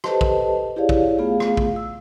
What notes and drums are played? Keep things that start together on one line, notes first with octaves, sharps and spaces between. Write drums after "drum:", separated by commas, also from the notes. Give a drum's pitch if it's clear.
G4 A4 B4 C5 D#5 A5, drum: rim click
drum: kick
E4 G4 G#4 C#5 D5 F5
drum: kick
A3 B3 F4 G#4 F5
drum: rim click
drum: kick
E6